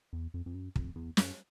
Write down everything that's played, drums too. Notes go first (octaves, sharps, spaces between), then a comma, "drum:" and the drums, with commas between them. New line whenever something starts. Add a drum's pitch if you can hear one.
E2
F2
F2
F#2
F2, drum: kick
E2
F#2, drum: snare